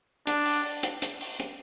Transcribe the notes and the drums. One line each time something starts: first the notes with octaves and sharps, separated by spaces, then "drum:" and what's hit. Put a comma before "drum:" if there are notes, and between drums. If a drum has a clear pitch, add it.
D4, drum: hi-hat
drum: open hi-hat
drum: hi-hat
drum: hi-hat
drum: open hi-hat
drum: hi-hat